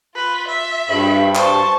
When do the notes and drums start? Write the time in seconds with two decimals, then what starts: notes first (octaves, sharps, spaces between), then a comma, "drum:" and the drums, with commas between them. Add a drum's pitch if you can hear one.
0.15 F4 B4
0.48 E5
0.89 G2 B5, drum: cymbal
1.35 C5 A5 C#6, drum: clap